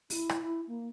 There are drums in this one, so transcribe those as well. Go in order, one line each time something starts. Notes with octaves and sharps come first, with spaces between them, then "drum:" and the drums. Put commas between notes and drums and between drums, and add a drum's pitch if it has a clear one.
E4, drum: open hi-hat
drum: rim click
E4
A#3